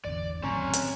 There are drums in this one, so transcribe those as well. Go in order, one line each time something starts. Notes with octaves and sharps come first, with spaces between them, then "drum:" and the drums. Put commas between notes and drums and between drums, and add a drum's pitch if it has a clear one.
G#1 E2 D3 D5
A2 D#3 F#3 C4 C#4 A#5
drum: hi-hat